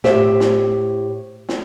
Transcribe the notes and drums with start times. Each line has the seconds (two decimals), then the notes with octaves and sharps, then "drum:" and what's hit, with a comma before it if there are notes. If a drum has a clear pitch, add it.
0.04 A2 G4 C5 E5, drum: snare
0.40 drum: snare
1.49 drum: snare